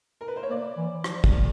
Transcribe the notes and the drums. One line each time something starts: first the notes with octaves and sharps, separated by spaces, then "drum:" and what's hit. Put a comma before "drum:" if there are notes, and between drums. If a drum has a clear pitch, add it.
A#4
B4
C5
C#5
A#3 D5
E3
F3, drum: rim click
E3, drum: kick